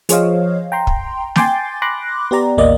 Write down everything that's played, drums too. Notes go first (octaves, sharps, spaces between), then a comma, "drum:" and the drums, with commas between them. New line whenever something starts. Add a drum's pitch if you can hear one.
F3 G#4 C5 C#5 D#5 F5, drum: hi-hat
G5 A#5 C6
drum: kick
G5 G#5 C6 D6 G6 A6, drum: snare
B5 C6 D6 F#6 A#6
B3 G4 D5 A#5
A1 D#2 A#3 D5 D#5